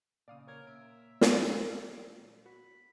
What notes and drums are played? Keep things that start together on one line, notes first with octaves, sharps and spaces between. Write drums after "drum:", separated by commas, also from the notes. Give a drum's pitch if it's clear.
A#2 C#3 D5 F5 D#6
A#4 C#5 G#6
A#2 E5 D7
drum: snare
F#4 B5